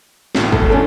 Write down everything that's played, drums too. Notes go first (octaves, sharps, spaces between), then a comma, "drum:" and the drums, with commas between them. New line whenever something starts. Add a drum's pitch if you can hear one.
A1 D2 A2, drum: snare
A4, drum: kick
C#4 D4 A4